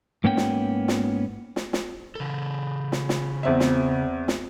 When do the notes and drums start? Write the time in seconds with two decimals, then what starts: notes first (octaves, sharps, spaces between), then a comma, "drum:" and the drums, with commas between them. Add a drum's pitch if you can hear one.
0.24 G#2 A#3 B3 C#4 C5 G5
0.37 drum: snare
0.88 drum: snare
1.56 drum: snare
1.73 drum: snare
2.15 C#3 A4
2.92 drum: snare
3.09 drum: snare
3.43 E2 C4 E5
3.60 drum: snare
4.28 drum: snare